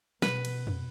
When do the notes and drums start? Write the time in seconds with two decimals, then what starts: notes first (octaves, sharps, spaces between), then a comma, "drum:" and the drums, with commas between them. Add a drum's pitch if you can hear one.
0.22 B2 B4, drum: snare
0.45 drum: cymbal
0.67 drum: tom F2